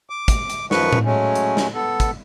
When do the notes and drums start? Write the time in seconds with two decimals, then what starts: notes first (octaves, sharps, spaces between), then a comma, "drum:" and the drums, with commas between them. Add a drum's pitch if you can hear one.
0.10 D6
0.28 drum: kick, hi-hat
0.50 drum: hi-hat
0.71 F#2 D#3 F3 B4 C#6, drum: snare
0.92 drum: tom A2
1.05 F#3 G#3 A3 C#4
1.35 drum: hi-hat
1.57 drum: snare
1.74 B3 A4
2.00 drum: kick, hi-hat